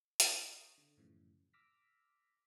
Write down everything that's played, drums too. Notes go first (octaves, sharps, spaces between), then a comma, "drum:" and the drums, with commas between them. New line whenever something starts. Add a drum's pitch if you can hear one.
C#6 D#6, drum: hi-hat
D3
F#2 A2 C#3 E3 F3
D6 E6 F6 A#6 B6